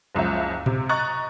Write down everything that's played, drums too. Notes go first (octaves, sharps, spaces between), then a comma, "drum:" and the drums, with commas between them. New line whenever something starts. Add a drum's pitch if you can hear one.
F#1 C#2 F3 E5
C3, drum: tom A2
D#5 A#5 C#6 F#6 A6